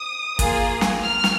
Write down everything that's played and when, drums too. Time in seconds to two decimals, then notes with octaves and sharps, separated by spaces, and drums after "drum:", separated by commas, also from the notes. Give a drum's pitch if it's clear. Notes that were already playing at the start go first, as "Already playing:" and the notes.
Already playing: D#6
0.39 A#3 F4 G#4, drum: kick, hi-hat
0.81 drum: snare
1.03 F6
1.24 drum: snare